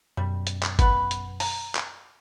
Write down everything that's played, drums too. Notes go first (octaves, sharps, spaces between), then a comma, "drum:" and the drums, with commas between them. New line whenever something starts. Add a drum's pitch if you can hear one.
F#2 B2 G3
drum: hi-hat
drum: clap
B3 B4, drum: kick G1, hi-hat
drum: hi-hat
A#5, drum: open hi-hat
drum: clap